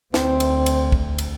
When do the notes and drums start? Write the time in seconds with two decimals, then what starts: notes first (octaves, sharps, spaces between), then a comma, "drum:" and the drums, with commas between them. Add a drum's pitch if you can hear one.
0.14 D2 C4, drum: snare
0.40 drum: cymbal
0.66 drum: cymbal
0.92 drum: kick
1.18 drum: cymbal